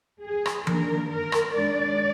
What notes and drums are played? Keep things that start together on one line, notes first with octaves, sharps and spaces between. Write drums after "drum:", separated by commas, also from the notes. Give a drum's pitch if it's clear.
G#4
drum: rim click
D#3 A#3 D4 A#4, drum: tom E3
A#4
drum: rim click
D#3 G#3 D4 D5